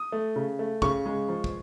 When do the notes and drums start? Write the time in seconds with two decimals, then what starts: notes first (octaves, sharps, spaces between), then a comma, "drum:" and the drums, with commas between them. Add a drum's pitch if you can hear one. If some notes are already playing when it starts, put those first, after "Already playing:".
Already playing: D#6
0.12 A3
0.36 C#3
0.59 A3
0.82 C#3 C#6, drum: kick
1.06 G#3
1.29 F3
1.44 drum: kick